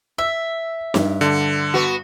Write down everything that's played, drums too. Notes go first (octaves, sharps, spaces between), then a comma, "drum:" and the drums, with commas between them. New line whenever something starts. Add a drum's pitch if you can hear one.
E5 E6
G2, drum: snare
D3
B3 F#4